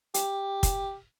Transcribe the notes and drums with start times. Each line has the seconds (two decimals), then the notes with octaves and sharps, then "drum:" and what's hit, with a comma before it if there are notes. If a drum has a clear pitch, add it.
0.14 G4, drum: hi-hat
0.63 drum: kick, hi-hat